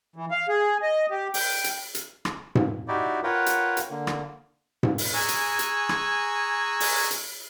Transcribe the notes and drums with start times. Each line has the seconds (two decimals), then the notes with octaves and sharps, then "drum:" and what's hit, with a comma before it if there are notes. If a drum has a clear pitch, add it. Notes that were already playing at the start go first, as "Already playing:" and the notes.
0.16 E3
0.31 F5
0.49 G#4
0.82 D#5
1.11 G4
1.34 G5, drum: open hi-hat
1.64 drum: hi-hat
1.95 drum: hi-hat
2.25 drum: rim click
2.55 drum: tom G#2
2.88 D#4 E4 F#4 G4 D5
3.23 F4 A#4 B4 C#5 F#5 G5
3.46 drum: hi-hat
3.77 drum: hi-hat
3.91 D3 A#3
4.07 drum: rim click
4.83 drum: tom G#2
4.98 drum: open hi-hat
5.14 G#4 G#5 A#5 C#6 E6 F#6
5.29 drum: hi-hat
5.59 drum: hi-hat
5.89 drum: rim click
6.80 drum: open hi-hat
7.11 drum: hi-hat